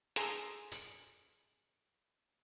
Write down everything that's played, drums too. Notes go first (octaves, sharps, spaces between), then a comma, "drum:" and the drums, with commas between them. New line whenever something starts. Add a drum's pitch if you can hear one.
G#4 A4 G#5 A#5 C6, drum: hi-hat
drum: tambourine